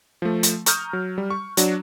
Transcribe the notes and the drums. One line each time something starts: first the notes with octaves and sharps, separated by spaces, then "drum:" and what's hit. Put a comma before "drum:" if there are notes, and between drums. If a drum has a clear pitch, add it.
F3 A3
drum: hi-hat
A#5 C#6 D#6 F6 G6, drum: hi-hat
F#3
G3
C#6
F#3 D4 F#4, drum: hi-hat